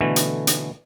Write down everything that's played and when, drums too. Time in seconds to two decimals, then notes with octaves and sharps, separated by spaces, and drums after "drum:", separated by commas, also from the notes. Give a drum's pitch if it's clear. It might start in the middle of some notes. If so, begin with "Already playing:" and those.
0.01 B2 D3 E3 A3
0.16 drum: hi-hat
0.47 drum: hi-hat